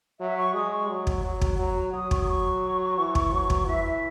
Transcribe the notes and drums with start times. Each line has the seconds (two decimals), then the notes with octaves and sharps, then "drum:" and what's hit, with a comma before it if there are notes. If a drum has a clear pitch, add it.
0.19 F#3 E5
0.37 C#6
0.54 G#3 D#6
0.71 C#6
0.90 F#3
1.07 drum: kick
1.24 F#3
1.41 drum: kick
1.59 F#3 A#5
1.93 F#3 D#6
2.11 C#6, drum: kick
2.20 D#6
2.28 C#6
2.98 E3
3.15 drum: kick
3.32 F#3
3.50 drum: kick
3.67 E3 E5
3.84 E5